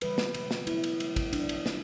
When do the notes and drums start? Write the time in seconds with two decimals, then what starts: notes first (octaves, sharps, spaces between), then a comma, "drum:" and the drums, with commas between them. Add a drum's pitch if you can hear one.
0.01 C#3 E3 G3 B4, drum: cymbal
0.18 drum: snare
0.34 B2 F#3 A3, drum: cymbal
0.51 drum: snare
0.67 C#3 F#3 B3 E4, drum: cymbal
0.84 drum: cymbal
1.00 E3 A3, drum: cymbal
1.16 drum: kick, cymbal
1.33 B2 F#3 B3 D4, drum: cymbal
1.49 drum: cymbal
1.66 G3 B3, drum: snare